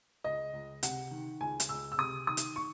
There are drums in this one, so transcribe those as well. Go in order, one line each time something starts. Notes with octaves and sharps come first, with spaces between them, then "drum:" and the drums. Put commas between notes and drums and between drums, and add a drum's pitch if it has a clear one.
C#2 D#5
C#2
C3 F#5, drum: hi-hat
D#3
C#2 G#5
drum: hi-hat
C#2 E6
E6
C3 D#6
D#3 D#6
drum: hi-hat
C#6